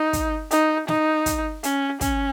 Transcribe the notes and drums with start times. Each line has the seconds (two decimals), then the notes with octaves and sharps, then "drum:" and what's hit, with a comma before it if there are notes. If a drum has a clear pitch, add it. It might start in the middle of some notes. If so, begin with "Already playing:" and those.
Already playing: D#4
0.13 drum: kick, hi-hat
0.51 D#4, drum: hi-hat
0.88 D#4, drum: snare
1.26 drum: kick, hi-hat
1.63 C#4, drum: hi-hat
2.01 C#4, drum: kick, hi-hat